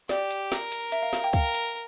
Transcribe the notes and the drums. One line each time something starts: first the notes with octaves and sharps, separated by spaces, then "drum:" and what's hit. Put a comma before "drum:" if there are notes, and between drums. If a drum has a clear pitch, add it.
G4 D5, drum: snare
drum: hi-hat
A#4, drum: snare
drum: hi-hat
E5, drum: hi-hat
F5
F5, drum: snare
G5
A#4 F5, drum: kick, hi-hat
drum: hi-hat